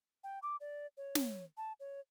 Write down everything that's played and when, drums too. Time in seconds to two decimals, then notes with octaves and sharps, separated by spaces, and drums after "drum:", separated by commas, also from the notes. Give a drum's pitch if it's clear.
0.24 G5
0.43 D6
0.61 D5
0.97 C#5
1.15 drum: snare
1.57 A5
1.80 C#5